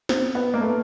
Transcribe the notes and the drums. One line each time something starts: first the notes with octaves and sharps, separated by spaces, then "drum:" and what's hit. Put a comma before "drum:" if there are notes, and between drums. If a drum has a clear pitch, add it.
C4, drum: snare
B3
A#3
A3